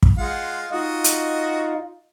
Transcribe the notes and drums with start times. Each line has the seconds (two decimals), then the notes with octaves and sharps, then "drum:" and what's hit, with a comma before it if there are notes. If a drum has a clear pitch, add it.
0.03 drum: kick
0.18 G#3 F4 F#5
0.71 D#4 F4 F#4 D#5
1.04 drum: hi-hat